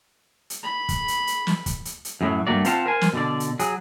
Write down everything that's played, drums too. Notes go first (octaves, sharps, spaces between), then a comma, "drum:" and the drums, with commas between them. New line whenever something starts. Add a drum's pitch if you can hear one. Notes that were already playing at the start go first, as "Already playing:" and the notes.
drum: hi-hat
B5
drum: kick, hi-hat
drum: hi-hat
drum: hi-hat
drum: snare
drum: kick, hi-hat
drum: hi-hat
drum: hi-hat
F#2 A2 F#3
G2 F3 A3 A#3 F#4 D5
C4 F4 C5 F5 F#5 A5, drum: hi-hat
A#4 C5 G#5
drum: snare
B2 D3 D5
drum: hi-hat
F#3 G#4, drum: hi-hat